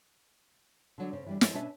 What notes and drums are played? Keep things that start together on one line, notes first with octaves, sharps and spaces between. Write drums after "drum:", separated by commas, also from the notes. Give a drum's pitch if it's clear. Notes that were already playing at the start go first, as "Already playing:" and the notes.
D3 F#3 D4
C#3 C5
E3 G3 D4
F3 G#3 A#3 C#4, drum: snare
B2 C#4 D4 B4 E5 A5